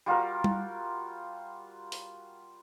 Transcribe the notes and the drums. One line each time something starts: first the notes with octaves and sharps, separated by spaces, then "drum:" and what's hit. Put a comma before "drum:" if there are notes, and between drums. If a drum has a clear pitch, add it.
G3 F4 F#4 A#4
drum: tom G3
drum: open hi-hat